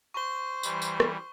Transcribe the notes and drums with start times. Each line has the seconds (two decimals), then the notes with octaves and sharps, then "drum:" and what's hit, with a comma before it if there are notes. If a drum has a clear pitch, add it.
0.14 C5 C#6 G7
0.63 E3 G3, drum: tambourine
0.82 drum: tambourine
1.00 drum: rim click